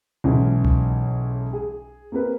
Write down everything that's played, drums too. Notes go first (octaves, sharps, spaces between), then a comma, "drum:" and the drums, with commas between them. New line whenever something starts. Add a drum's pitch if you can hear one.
B1 G#2 E3 C#4
drum: tom C2
G#4
A#3 C4 A#4 B4